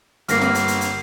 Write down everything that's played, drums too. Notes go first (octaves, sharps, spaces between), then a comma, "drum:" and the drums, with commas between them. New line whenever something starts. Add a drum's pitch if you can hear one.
G1 A#3 F6 A#6 C7, drum: hi-hat
drum: snare
drum: hi-hat
drum: hi-hat
drum: hi-hat